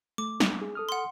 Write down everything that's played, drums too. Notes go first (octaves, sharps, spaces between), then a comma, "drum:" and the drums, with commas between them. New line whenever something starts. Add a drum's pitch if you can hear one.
A3 D6
drum: snare
G#4
A4 D#6 F6
F#5 C6